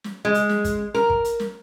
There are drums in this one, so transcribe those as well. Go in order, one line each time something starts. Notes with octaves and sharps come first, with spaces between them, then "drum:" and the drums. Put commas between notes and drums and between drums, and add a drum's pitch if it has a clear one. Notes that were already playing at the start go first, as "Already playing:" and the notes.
drum: snare
G#3
drum: hi-hat
drum: snare
drum: kick, hi-hat
A#4, drum: snare
drum: kick
drum: hi-hat
drum: snare